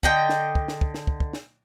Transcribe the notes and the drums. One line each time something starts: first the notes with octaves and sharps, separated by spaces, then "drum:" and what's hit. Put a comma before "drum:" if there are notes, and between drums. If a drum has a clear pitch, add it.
D3 D#5 G5, drum: kick
drum: snare
drum: kick
drum: snare
drum: kick
drum: snare
drum: kick
drum: kick
drum: snare